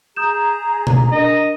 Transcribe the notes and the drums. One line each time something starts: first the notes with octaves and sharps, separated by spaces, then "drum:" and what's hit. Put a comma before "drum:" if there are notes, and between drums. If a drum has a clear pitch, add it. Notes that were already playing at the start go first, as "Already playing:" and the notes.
G#4 A#5 D#6 G6 E7
drum: tom B2
D4 A#4 D#5